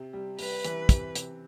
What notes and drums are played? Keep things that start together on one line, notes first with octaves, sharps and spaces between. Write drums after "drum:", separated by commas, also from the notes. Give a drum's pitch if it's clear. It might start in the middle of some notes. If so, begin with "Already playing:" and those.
Already playing: C3
G3
G3 B4, drum: open hi-hat
E3, drum: hi-hat
C3, drum: kick, hi-hat
C3, drum: hi-hat